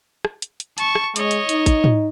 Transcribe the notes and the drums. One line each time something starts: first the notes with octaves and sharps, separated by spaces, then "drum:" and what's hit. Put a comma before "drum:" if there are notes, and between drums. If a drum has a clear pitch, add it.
drum: rim click
drum: hi-hat
drum: hi-hat
A5 C#6, drum: hi-hat
drum: rim click
G#3 C#5 D#5, drum: hi-hat
drum: hi-hat
D#4, drum: hi-hat
drum: kick, hi-hat
drum: tom